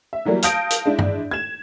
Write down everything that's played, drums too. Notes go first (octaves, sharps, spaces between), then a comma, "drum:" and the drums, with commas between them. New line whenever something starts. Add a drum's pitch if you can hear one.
E5
E3 F#3 G3 A#3
F5 A5 D#6 G6 A#6 D7, drum: hi-hat
drum: hi-hat
G#3 D4 E4
drum: tom G2
G#6 E7